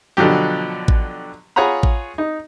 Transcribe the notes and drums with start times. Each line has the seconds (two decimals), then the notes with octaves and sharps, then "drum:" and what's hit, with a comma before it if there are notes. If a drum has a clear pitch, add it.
0.17 B2 D3 F3 F#3 G4
0.88 drum: kick A1
1.56 F4 G#4 C#5 F#5 A#5 B5
1.83 drum: kick A1
2.18 D#4